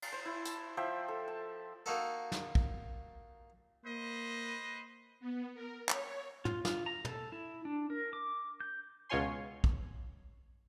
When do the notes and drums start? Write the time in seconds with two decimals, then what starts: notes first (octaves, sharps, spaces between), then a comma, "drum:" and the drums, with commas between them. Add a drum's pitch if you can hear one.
0.02 drum: cymbal
0.12 C5
0.25 E4
0.45 A5, drum: tambourine
0.77 F3 C5 E5 G5
1.08 A4
1.28 A5
1.86 A#3 D#4 F#4 A4
2.32 drum: snare
2.55 drum: kick
3.85 A#3 B4 C5 D#5
5.20 B3
5.54 A#4
5.89 C#5, drum: clap
6.45 F4, drum: tom
6.65 F4, drum: snare
6.86 A#5
7.05 A4, drum: tom
7.32 E4
7.65 D4
7.90 A#4
8.13 D6
8.60 G6
9.10 C#2 B2 F4 C#5 G#5 C6
9.64 drum: kick